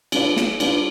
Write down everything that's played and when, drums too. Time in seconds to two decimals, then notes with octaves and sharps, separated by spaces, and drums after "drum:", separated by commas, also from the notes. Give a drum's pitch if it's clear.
0.12 G3 D4 F4 B4 D5, drum: cymbal
0.37 drum: snare
0.60 G3 D4 F4 B4 D5, drum: cymbal